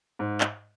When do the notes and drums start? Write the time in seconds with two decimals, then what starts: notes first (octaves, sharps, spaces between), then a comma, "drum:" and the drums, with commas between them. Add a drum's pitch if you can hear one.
0.19 G#2
0.41 drum: clap